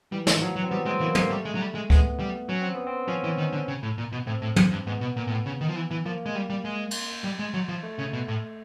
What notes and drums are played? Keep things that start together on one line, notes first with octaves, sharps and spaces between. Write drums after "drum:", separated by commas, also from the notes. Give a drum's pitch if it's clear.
E3 G3
F3, drum: snare
F3 F#3
F#3
C4
G3 B3
G#3 C4
E3 A#3
G#3 A#3, drum: tom
G3 A3
G#3
F#3
G3
G#3
G#3 B3, drum: kick C#2
G3
F#3 C#4
C4
B3
C4
F3 C#4
E3
D#3
D3
C#3
A2
A#2
B2
A2 C4
A2
G2, drum: tom
G2
G#2 B3
B2
A#2
A#2
A2
C#3
D#3
F3
E3
E3
F3 A#3
G#3
G3
G3
G#3
drum: cymbal
G3
G#3
F#3
F3
A3
C#3
B2
A2